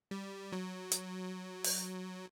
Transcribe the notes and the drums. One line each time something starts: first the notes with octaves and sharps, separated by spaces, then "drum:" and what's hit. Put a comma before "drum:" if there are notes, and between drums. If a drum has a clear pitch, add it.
G3
F#3
drum: hi-hat
drum: open hi-hat